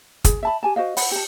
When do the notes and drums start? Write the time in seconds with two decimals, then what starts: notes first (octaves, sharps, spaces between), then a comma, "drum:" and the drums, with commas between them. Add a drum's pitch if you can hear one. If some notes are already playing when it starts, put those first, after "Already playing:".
0.24 G#4, drum: kick, hi-hat
0.43 E5 A5 B5
0.63 G4 G#5 A5
0.76 F#4 C5 D#5 F5
0.97 C5 F#5 B5, drum: open hi-hat
1.11 G4 A5